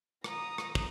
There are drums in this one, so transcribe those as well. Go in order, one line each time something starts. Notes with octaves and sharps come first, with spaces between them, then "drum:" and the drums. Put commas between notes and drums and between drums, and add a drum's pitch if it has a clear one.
A#5 D#6, drum: rim click
drum: rim click
drum: kick